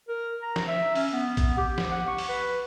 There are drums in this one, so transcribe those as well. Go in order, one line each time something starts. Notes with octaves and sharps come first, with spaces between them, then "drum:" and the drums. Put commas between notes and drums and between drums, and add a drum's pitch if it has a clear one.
A#4
A#5
drum: snare
E5
C#4, drum: open hi-hat
B3
drum: kick A1, hi-hat
G4
drum: snare
F#5
C#6
drum: open hi-hat
B4